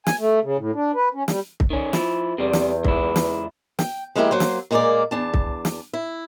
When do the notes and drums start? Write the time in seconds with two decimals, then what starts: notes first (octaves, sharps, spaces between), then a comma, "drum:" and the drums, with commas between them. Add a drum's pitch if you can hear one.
0.06 G#5, drum: snare
0.20 A3
0.43 C#3
0.58 A2
0.74 D4
0.95 B4
1.14 C#4
1.28 G3, drum: snare
1.60 drum: kick
1.70 D#3 C#4
1.93 F3 E4, drum: snare
2.38 E2 C3 G3
2.53 drum: snare
2.84 C#2 E4, drum: kick
3.16 drum: snare
3.79 G5, drum: snare
4.15 F3 G#3 A#3 E4 G4 A#4
4.31 F#3 A#3 C5
4.40 drum: snare
4.71 A#2 G#3 A#3 B3 A#4 D5
5.11 E2 D4 A5
5.34 drum: kick
5.65 drum: snare
5.93 E4